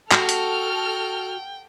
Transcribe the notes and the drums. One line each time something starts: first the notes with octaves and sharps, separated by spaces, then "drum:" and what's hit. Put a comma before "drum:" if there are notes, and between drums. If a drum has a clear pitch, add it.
F#4 A4 G5 F6, drum: clap
drum: hi-hat